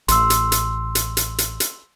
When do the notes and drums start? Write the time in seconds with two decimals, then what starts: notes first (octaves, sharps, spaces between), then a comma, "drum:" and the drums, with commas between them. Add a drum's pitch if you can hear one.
0.08 A1 C6 E6, drum: hi-hat
0.30 drum: hi-hat
0.52 drum: hi-hat
0.95 drum: hi-hat
1.17 drum: hi-hat
1.38 drum: hi-hat
1.60 drum: hi-hat